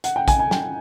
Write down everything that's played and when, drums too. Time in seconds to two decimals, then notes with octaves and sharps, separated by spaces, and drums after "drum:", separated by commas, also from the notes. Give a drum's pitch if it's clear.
0.04 F#5, drum: hi-hat
0.16 G5
0.28 G#5, drum: kick A#1, hi-hat
0.39 G#5
0.51 G5, drum: snare